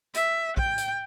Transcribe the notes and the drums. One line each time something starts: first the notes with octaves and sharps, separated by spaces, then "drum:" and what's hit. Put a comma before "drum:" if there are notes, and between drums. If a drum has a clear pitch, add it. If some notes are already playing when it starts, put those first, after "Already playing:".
E5, drum: hi-hat
G5, drum: kick
drum: hi-hat